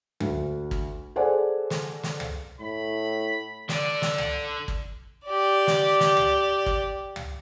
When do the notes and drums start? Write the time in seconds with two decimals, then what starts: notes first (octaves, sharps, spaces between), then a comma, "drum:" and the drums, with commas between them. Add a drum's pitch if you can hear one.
0.20 D2, drum: tom
0.71 drum: kick
1.16 G#4 A4 C5 D5 F#5 G#5
1.70 drum: snare
2.03 drum: snare
2.20 drum: tom
2.61 A2 B5
3.69 D3 D5, drum: snare
4.02 drum: snare
4.18 drum: tom
4.68 drum: kick
5.26 G4 D5
5.67 drum: snare
6.00 drum: snare
6.17 drum: tom
6.66 drum: kick
7.16 drum: tom